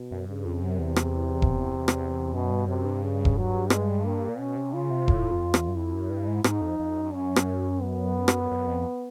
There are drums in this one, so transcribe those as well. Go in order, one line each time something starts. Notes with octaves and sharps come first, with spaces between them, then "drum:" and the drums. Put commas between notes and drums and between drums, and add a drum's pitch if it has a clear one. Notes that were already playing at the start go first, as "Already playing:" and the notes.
Already playing: B2
F#2
G2 C#3
F2
F#2 C3
E2
drum: rim click
drum: kick E1
drum: rim click
F#2 B2
G2
F#2 C3
G2
C#3
drum: kick E1
F#3
G#3, drum: rim click
A#3
A#2
B2 C#4
C3
C#3 F4
C3
A2, drum: kick E1
F2
E2, drum: rim click
F#2
F2 E4
F#2
G2
G#2
G#2 D#4, drum: rim click
F2
F2
F#2
C#4
drum: rim click
B3
drum: rim click
F#2
F2